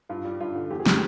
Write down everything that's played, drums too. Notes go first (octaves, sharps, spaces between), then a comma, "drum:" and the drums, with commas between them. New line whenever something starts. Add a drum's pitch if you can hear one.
G2 F4
G3
G2 F4
D3
E2 G4
G#4
F3 G4, drum: snare